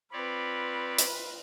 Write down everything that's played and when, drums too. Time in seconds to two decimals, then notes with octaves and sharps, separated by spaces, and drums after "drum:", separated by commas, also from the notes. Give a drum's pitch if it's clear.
0.13 C4 F4 B4 C#5 D5 B5
0.99 drum: hi-hat